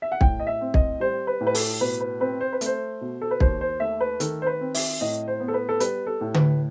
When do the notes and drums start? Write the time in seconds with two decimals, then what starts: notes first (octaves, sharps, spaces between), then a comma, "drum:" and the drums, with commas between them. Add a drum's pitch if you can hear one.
0.02 E5
0.12 F#5
0.21 A2 G5, drum: kick
0.40 D#5
0.47 E5
0.61 C4
0.74 D#5, drum: kick
1.00 G3 C5
1.27 B4
1.41 A2
1.47 B4
1.55 A4, drum: open hi-hat
1.80 B2 B4
2.01 B4
2.20 C4 B4
2.41 C5
2.53 B4
2.61 A3, drum: hi-hat
2.66 C5
3.01 B2
3.22 A4
3.31 B4
3.40 D#2 C5, drum: kick
3.61 C5
3.80 A3 E5
4.01 B4
4.20 D#3 A4, drum: hi-hat
4.42 C5
4.47 B4
4.61 C4
4.74 E5, drum: open hi-hat
5.01 A2 D#5
5.28 C5
5.40 B3
5.48 A4
5.54 B4
5.69 A4
5.80 G3 B4, drum: hi-hat
6.07 A4
6.21 A2
6.34 B4, drum: tom D3